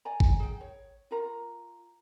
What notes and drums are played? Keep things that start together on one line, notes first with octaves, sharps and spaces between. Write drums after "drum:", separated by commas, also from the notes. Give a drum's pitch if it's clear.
D5 G#5 A#5
drum: kick G#1
G#4 G5
C#5
F4 A#4 A#5